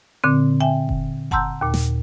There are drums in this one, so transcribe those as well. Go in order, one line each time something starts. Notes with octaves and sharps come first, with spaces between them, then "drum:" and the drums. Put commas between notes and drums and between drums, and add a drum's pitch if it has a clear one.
A#2 D3 C4
E5 G5 G#5
drum: kick F#1
F#5 A5 A#5 C6 E6 G6, drum: kick F#1
D#2 A#2
drum: snare